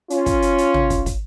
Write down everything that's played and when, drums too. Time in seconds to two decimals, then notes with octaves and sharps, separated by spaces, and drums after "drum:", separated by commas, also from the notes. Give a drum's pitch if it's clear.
0.10 C#4 F4, drum: hi-hat
0.26 drum: kick, hi-hat
0.42 drum: hi-hat
0.58 drum: hi-hat
0.74 drum: tom
0.90 drum: kick, hi-hat
1.06 drum: kick, hi-hat